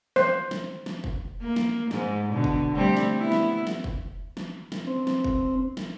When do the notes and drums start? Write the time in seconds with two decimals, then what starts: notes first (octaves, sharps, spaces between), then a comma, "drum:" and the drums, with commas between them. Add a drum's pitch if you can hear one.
0.16 C5, drum: snare
0.51 drum: snare
0.86 drum: snare
1.04 drum: kick
1.42 A#3
1.56 drum: snare
1.91 G#2, drum: snare
2.31 B2 D3
2.44 drum: kick
2.75 G3 A3 C4
2.97 drum: snare
3.17 B3 E4
3.32 drum: snare
3.67 drum: snare
3.84 drum: kick
4.37 drum: snare
4.72 drum: snare
4.87 C4
5.07 drum: snare
5.24 drum: kick
5.77 drum: snare